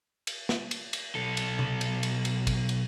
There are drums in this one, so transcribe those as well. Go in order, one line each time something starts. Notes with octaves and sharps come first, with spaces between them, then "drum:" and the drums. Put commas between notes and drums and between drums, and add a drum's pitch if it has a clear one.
drum: cymbal
drum: snare
drum: cymbal
drum: cymbal
B1 A4
drum: cymbal
drum: tom C3
drum: cymbal
drum: cymbal
drum: cymbal
drum: kick, cymbal
drum: cymbal